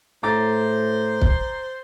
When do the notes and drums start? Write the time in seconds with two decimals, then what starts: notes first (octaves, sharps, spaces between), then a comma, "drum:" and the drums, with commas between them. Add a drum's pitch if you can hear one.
0.23 A2 C5 A#5 D6 A6
1.22 drum: kick